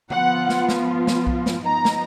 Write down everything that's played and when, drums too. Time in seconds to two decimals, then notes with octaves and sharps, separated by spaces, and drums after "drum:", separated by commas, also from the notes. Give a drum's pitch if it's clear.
0.10 F3 B3 F4 F#5, drum: tom D3
0.49 drum: snare
0.69 drum: snare
1.07 drum: snare
1.27 drum: kick B1
1.46 drum: snare
1.66 F3 B3 D#4 A#5
1.85 drum: snare